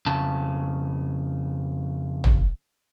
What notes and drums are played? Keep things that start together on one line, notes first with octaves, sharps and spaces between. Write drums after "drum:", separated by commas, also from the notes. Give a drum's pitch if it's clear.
F2 C#3 A5
drum: tom